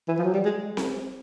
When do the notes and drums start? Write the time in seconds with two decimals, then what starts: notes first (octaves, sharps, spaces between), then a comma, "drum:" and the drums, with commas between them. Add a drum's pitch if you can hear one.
0.08 E3
0.19 F3
0.24 F#3
0.34 G3
0.45 G#3
0.77 drum: snare C4